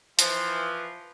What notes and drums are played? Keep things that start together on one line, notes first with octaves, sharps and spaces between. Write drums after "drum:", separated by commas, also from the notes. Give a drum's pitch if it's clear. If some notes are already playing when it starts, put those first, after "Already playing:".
E3 F3, drum: hi-hat